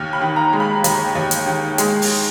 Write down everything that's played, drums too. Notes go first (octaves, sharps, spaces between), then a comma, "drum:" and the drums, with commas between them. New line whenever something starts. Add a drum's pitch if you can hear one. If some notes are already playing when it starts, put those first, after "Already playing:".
Already playing: D#2 F6
B5
D#3
A#5
G#3
B5
D#2, drum: hi-hat
D#2
drum: hi-hat
D#3
G#3, drum: hi-hat
drum: open hi-hat